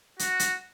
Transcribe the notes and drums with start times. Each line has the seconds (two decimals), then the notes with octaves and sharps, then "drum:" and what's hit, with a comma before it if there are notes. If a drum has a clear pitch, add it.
0.19 F#4, drum: hi-hat
0.39 drum: hi-hat